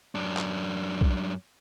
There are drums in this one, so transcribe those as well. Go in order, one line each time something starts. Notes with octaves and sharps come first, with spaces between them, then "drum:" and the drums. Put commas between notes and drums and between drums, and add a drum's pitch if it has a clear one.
F#2 D4
drum: clap
drum: kick B1